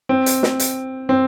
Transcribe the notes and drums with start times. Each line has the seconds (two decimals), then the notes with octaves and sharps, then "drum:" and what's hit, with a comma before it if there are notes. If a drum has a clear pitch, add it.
0.09 C4
0.26 drum: hi-hat
0.43 drum: snare
0.60 drum: hi-hat
1.09 C4